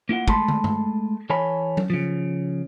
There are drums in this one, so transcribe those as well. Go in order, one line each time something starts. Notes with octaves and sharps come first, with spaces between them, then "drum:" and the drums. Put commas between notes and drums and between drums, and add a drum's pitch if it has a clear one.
A#3 E4 F4 F#5
G#3 A3 A5 B5 C6, drum: kick
drum: tom
drum: tom G2
E3 A4 C#5 G#5 B5
drum: tom F#3
C#3 F3